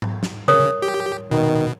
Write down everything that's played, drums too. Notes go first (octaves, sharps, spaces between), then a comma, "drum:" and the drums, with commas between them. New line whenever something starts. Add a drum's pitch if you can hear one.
drum: tom G#2
drum: snare
C#3 A#4 C#5 D#6
G4
B2 D#3